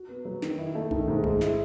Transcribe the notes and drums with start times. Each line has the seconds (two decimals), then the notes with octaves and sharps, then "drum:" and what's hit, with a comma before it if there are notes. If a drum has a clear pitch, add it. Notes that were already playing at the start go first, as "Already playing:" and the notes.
Already playing: F#4
0.08 B3
0.25 F#3
0.42 D#3, drum: snare
0.58 E4
0.75 A3
0.91 D#3, drum: kick A#1
1.08 G#2
1.24 G#3, drum: kick A#1
1.41 E4, drum: snare